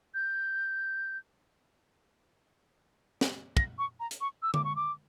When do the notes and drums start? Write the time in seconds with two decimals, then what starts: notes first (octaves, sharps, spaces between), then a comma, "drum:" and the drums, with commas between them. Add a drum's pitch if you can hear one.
0.14 G6
3.21 drum: snare
3.57 A#6, drum: kick
3.79 C#6
4.00 A#5
4.11 drum: hi-hat
4.21 C#6
4.43 E6
4.54 D6, drum: tom D3
4.65 C#6
4.76 D6